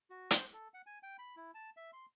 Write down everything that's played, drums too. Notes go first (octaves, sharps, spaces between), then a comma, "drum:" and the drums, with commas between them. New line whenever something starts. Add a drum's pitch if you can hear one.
F#4
C5, drum: hi-hat
A4
F#5
G#5
G5
B5
E4
A5
E5
C6